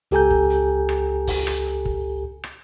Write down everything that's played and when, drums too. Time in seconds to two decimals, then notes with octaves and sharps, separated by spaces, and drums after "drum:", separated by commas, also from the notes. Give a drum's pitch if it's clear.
0.11 C#2 G4 A4 G#5 A#5 G6, drum: hi-hat
0.31 drum: kick
0.50 drum: hi-hat
0.89 drum: rim click
1.27 drum: kick, open hi-hat
1.47 drum: rim click
1.66 drum: hi-hat
1.85 drum: kick
2.44 drum: rim click